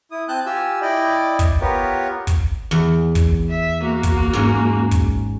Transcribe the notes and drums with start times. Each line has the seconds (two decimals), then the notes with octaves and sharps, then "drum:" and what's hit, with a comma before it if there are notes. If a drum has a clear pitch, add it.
0.11 E4 D#6
0.29 C4 A5 F#6 G6
0.46 F4 G4 G#5 E6
0.82 E4 D5 D#5 G5 B5
1.39 drum: kick, hi-hat
1.61 B3 F4 G4 A#4 B4 C#5
2.27 drum: kick, hi-hat
2.71 E2
3.15 drum: kick, hi-hat
3.50 E5
3.82 A#3 F#4
4.03 drum: kick, hi-hat
4.33 G#2 C#4
4.91 drum: kick, hi-hat